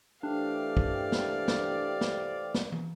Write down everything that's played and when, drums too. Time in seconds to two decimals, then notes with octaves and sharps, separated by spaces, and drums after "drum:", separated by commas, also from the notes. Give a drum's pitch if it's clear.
0.23 E3 A3 D4 G4 C5 D5 F5
0.77 drum: kick
1.12 drum: snare
1.48 drum: snare
2.01 drum: snare
2.54 drum: snare
2.72 drum: tom